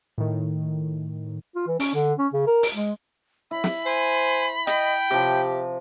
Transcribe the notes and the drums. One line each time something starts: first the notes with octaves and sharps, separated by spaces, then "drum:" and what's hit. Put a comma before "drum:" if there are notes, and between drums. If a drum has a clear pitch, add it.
A2 D#3
F4
E3
C#4, drum: open hi-hat
D3
C#4
C#3
A#4
drum: open hi-hat
G#3
E4 B5
drum: snare
C5 G#5
D#5 G5, drum: hi-hat
C3 F3 G4